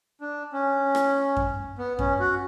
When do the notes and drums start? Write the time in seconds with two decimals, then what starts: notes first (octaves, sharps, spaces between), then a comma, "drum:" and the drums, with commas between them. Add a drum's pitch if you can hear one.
0.21 D4
0.53 C#4
0.95 drum: rim click
1.37 drum: kick F#2
1.79 B3
1.99 C#4, drum: kick F#2
2.20 F#4